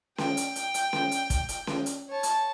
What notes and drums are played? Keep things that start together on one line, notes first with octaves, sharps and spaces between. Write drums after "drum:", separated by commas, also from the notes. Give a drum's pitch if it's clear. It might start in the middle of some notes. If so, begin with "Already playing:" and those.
G5, drum: snare C#4
drum: hi-hat
drum: hi-hat
drum: hi-hat
drum: snare C#4
drum: hi-hat
drum: kick, hi-hat
drum: hi-hat
drum: snare C#4
drum: hi-hat
C#5 A5
drum: hi-hat